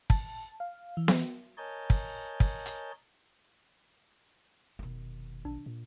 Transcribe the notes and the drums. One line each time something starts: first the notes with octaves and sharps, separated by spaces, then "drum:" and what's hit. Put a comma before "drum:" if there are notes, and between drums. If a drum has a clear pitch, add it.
A5, drum: kick
F5
E3
drum: snare B3
A#4 C#5 D#5 G#5 A5 G6
drum: kick
drum: kick
drum: hi-hat
F1 B2 D#3
A#1 D4
A#2